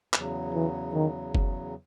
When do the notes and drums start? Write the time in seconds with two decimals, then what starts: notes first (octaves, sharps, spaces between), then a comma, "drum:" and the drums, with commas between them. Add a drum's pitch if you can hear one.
0.13 E2 C#3 F#3, drum: clap
0.54 E3
0.94 D#3
1.35 drum: kick F#1